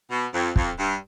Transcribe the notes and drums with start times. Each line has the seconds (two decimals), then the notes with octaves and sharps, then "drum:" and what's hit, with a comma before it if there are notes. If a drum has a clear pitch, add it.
0.11 B2
0.33 F2
0.56 F2, drum: kick
0.79 G2